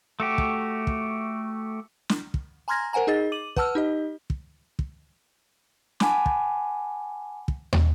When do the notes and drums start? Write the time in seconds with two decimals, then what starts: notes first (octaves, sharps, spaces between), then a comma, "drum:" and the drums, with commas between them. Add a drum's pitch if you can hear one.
0.20 A3 F#4 G4
0.38 drum: kick
0.87 drum: kick
2.09 drum: snare
2.34 drum: kick
2.68 G#5 A#5 C6 F6 G#6 A#6
2.93 A#4 C5 F#5 G#5 A#5
3.07 D#4 G#4 D#5 A6
3.32 D6 D#7 F#7
3.56 B4 F#5 A5 E6 F6, drum: kick
3.75 D#4 G4 D#5
4.30 drum: kick
4.79 drum: kick
6.00 F#5 G#5 A5 B5 D6, drum: snare
6.26 drum: kick
7.48 drum: kick
7.73 drum: tom